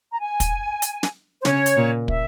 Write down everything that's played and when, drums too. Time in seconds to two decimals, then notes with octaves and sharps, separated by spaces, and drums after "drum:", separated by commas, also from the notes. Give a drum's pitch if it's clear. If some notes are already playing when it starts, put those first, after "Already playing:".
0.12 A#5
0.20 G#5
0.40 drum: kick, hi-hat
0.82 drum: hi-hat
1.03 drum: snare
1.41 C5
1.45 C#3 C#4 C#5, drum: snare
1.66 drum: hi-hat
1.77 A#2 A#3
2.08 E5, drum: kick